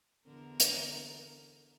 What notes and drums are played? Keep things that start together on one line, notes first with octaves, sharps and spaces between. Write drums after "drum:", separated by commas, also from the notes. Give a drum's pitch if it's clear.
E2 D3 A#4
drum: hi-hat